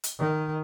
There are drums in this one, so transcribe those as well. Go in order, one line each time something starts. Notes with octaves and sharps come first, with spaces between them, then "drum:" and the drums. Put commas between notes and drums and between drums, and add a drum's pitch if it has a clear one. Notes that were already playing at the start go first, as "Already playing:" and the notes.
drum: hi-hat
D#3